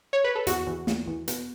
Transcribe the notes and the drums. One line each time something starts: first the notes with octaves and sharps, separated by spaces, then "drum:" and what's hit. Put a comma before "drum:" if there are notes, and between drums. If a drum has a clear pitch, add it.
C#5
B4
A4
E2 F#4, drum: hi-hat
E2
E2, drum: snare
E2
B2, drum: hi-hat